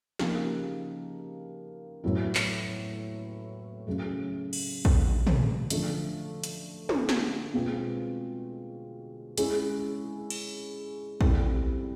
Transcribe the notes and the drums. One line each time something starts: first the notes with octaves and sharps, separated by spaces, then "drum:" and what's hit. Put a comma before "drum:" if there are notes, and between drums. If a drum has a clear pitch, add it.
C#3 F3 A#3 D#4 G4, drum: snare
A2 F#3 B3 E4
drum: clap
C#3 F#3 A3
drum: cymbal
drum: kick A#1
drum: tom
D3 F3 A3, drum: hi-hat
drum: hi-hat
drum: tom
drum: snare
B2 G#3 C4 F4
G#3 C#4 E4 G#4, drum: hi-hat
drum: cymbal
G3 C4 E4 A4, drum: kick A#1